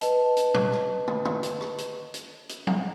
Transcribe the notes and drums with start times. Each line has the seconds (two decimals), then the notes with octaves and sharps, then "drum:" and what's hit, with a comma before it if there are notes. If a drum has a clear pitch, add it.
0.01 B4 D#5 A5, drum: hi-hat
0.37 drum: hi-hat
0.54 drum: tom
0.72 drum: rim click
1.07 drum: tom
1.25 drum: tom
1.43 drum: hi-hat
1.61 drum: rim click
1.78 drum: hi-hat
2.14 drum: hi-hat
2.49 drum: hi-hat
2.67 drum: tom F3